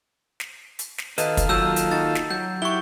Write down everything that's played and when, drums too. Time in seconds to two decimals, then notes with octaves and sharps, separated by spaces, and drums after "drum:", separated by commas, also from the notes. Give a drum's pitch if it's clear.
0.40 drum: snare
0.79 drum: hi-hat
0.98 drum: snare
1.18 D#3 A4 B4 D#5 F5, drum: hi-hat
1.37 drum: kick, hi-hat
1.49 D#2 F#3 F4 A5 E6 G6 E7
1.76 drum: hi-hat
1.91 D#4 F#4 A6
2.15 drum: snare
2.31 F#3 G6
2.62 E4 F#4 G4 C#6 G7